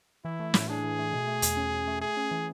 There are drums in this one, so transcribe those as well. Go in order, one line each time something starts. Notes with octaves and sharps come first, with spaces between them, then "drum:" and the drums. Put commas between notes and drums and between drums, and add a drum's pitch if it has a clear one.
E3 E4
A3
A2, drum: snare
D4 G#4
E3
A3
B2
A3
E2, drum: hi-hat
C#4
B2
A3
A3 G#4
C#4
E3